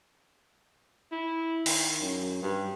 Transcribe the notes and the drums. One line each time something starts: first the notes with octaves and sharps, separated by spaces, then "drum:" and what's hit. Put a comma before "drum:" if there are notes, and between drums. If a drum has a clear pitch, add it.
E4
D#3, drum: open hi-hat
F#2
G2